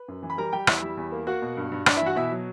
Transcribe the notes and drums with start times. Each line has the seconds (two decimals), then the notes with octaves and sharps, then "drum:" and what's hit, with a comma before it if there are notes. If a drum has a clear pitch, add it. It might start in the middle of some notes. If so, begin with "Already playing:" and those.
Already playing: B4
0.08 F#2
0.23 E3
0.30 B5
0.38 G3 A#4 A#5
0.53 G3 G4 G5
0.67 E2 E4 E5, drum: rim click
0.82 G3
0.97 E2
1.12 A#3
1.27 A#3 F#4 F#5
1.42 B2
1.57 G2
1.72 G2
1.86 G2 D4 D5, drum: rim click
1.96 E4 E5
2.01 E3
2.06 F#4 F#5
2.16 B2 E4 E5
2.31 F#3